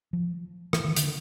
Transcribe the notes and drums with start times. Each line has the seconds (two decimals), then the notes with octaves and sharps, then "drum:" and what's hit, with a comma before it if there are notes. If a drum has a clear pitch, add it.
0.13 F3
0.73 E3, drum: rim click
0.84 D#3
0.96 D3, drum: hi-hat